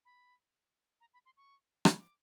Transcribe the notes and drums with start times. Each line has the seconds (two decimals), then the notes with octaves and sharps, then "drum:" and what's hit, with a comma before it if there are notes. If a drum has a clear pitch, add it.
0.05 B5
1.01 A#5
1.13 B5
1.25 C6
1.37 C#6
1.85 drum: rim click
1.98 D6